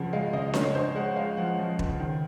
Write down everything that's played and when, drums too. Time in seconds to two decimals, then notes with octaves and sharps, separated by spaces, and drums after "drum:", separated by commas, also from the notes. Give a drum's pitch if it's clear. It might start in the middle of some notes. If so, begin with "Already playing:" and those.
Already playing: C#2 C#3 F3 F#5
0.13 G#3 F5
0.33 C#2 D#5
0.54 C#3 C#5, drum: snare D4
0.74 C#2 C5
0.95 G#3 F#5
1.16 G#3 F5
1.37 F3 F#5
1.59 F3
1.79 C#2, drum: kick E1
1.99 D#3